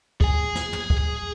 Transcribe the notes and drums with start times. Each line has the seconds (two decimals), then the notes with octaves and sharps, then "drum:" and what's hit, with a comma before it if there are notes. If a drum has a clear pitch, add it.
0.21 G#4 G#5, drum: kick
0.55 drum: snare
0.73 drum: tom
0.90 drum: kick